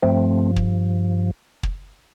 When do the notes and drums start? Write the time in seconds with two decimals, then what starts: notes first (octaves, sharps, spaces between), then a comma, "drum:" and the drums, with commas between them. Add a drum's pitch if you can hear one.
0.02 G2 F3 A3 C4
0.56 drum: kick
1.63 drum: kick